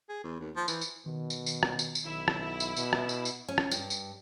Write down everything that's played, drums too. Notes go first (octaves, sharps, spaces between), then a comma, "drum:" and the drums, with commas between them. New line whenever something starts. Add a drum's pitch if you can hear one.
G#4
E2
D#2
F3
E3, drum: tambourine
drum: tambourine
B2 D#3
drum: tambourine
drum: tambourine
drum: rim click
drum: tambourine
drum: tambourine
B1 E4
drum: rim click
drum: tambourine
B2, drum: tambourine
drum: rim click
drum: tambourine
drum: tambourine
C#4
drum: rim click
G2, drum: tambourine
drum: tambourine